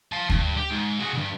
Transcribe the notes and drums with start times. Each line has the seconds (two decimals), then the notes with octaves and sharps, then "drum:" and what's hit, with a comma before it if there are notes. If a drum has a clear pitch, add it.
0.12 F5 A5
0.29 G2, drum: kick
0.57 G4
0.71 G#2
1.00 F#4 G#4
1.14 C#2 G2